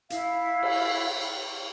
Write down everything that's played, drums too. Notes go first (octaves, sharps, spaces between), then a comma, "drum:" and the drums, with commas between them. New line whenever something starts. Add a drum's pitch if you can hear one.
E4 F5, drum: hi-hat
drum: cymbal